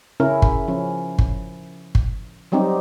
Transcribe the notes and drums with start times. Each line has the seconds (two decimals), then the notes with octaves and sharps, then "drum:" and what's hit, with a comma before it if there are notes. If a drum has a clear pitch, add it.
0.20 C#3 C#4 E4 A#4
0.42 drum: kick G1
0.68 F3 C#4
1.18 drum: kick G1
1.95 drum: kick G1
2.52 F#3 G3 C4 D#4 G4